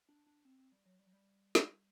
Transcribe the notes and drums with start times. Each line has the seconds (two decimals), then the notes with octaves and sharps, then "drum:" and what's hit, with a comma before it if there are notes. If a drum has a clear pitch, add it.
0.09 D4
0.27 D4
0.45 C4
0.59 C4
0.72 G3
0.86 F#3
0.99 G3
1.06 F#3
1.13 G3
1.55 drum: snare